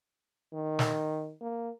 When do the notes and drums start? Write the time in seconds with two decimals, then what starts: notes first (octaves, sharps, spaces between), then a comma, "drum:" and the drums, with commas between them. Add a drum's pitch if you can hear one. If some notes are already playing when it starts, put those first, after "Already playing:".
0.53 D#3
0.79 drum: snare
1.41 A#3